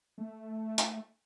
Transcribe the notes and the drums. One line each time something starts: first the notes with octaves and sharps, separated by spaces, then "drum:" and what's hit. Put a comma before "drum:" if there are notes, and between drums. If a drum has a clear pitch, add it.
A3
drum: hi-hat